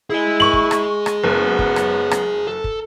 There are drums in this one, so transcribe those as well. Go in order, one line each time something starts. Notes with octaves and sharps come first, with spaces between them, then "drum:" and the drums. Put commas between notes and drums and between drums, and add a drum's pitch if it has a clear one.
E4 G#4 D#5
C#6 F#7
drum: kick
drum: rim click
drum: rim click
F#1 F#2 B3
drum: kick
drum: rim click
drum: rim click
A4
drum: kick